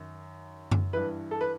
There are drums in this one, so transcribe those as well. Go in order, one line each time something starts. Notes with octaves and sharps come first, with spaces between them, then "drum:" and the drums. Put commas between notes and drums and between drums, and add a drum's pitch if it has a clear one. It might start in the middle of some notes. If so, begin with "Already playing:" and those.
Already playing: F#2 D#3
drum: tom F#2
G2 E3 B4
A4
B4